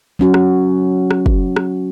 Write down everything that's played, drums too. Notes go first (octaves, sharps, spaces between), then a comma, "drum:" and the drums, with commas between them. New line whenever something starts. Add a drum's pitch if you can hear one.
F#3 C#4 F#4
drum: rim click
drum: rim click
drum: kick
drum: rim click